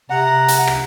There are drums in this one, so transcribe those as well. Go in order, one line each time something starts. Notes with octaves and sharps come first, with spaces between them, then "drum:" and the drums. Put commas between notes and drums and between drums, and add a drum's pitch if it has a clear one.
C3 F#5 A#5
drum: hi-hat
drum: rim click